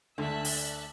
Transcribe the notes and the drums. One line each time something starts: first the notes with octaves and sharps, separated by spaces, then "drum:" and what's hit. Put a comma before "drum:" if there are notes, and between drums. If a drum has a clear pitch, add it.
D2 D3 A3 E5 A5 F#6
drum: open hi-hat